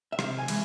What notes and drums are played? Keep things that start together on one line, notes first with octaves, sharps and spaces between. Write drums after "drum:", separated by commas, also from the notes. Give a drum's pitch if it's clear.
E5
C3 F5, drum: rim click
G#5
E3 G#3, drum: cymbal